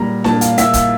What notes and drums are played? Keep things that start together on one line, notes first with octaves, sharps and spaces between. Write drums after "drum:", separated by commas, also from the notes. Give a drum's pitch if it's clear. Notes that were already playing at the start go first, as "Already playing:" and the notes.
Already playing: A#2 G3 A#5
A#2 A5, drum: snare D4
F5, drum: hi-hat
A#2 E5, drum: hi-hat
F5, drum: kick, hi-hat